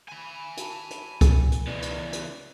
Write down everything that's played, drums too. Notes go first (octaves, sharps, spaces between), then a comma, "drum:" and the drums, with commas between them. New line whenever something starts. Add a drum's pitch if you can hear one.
G#5 B5
F#4 A5, drum: hi-hat
drum: hi-hat
drum: kick C#2, hi-hat
drum: hi-hat
C#3 E3 B3 D5
drum: hi-hat
drum: hi-hat